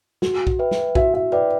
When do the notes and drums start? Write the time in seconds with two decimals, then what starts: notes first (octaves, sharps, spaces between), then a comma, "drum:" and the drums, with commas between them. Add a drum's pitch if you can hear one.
0.22 F#4, drum: snare
0.47 drum: kick B1
0.59 B4 E5 G5
0.71 drum: snare
0.95 F#4 E5, drum: kick B1
1.14 E5
1.32 B4 D5 E5 G5